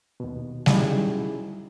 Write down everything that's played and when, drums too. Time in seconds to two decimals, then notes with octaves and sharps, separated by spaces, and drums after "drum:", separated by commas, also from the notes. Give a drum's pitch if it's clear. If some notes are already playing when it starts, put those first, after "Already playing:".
0.20 D#2 B2
0.66 F#3 G3 C#4 D#4 E4 G#4, drum: snare G3